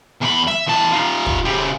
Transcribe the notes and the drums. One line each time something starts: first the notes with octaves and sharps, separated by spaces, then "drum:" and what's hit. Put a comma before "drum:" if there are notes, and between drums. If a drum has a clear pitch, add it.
E2 B5
E5, drum: snare
E2 A5
D#4 F4
drum: kick
C#3 G4